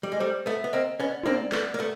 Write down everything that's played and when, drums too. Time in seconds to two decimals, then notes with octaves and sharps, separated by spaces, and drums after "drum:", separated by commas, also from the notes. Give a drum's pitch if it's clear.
0.03 G3
0.12 G#3
0.20 G3 A3 C5
0.46 A3 B3 E5
0.64 B3
0.73 A#3 C4 D#5
1.00 B3 C#4 D#5
1.12 D5
1.23 A#3 C4 C#5, drum: tom
1.35 D5
1.52 A3 B3, drum: clap
1.74 A#3
1.79 A3 B3